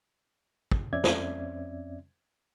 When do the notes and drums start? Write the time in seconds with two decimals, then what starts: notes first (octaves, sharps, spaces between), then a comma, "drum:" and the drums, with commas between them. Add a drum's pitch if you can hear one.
0.71 drum: kick
0.93 F2 C4 C#4 D5 E5 G#6
1.04 drum: snare